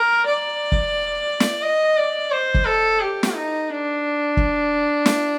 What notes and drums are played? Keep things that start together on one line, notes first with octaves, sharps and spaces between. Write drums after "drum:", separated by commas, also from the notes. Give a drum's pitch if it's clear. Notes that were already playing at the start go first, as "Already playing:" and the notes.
Already playing: A#4
D5
drum: kick
drum: snare
D#5
D5
C5
drum: kick
A4
G4
drum: snare
D#4
D4
drum: kick
drum: snare